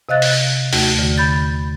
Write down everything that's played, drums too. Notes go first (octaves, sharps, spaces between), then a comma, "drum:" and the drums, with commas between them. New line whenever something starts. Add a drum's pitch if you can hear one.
C3 D#5 F5 F#6 A6
drum: open hi-hat
D#2 A3 F#4, drum: open hi-hat
D3
B5 G6 A6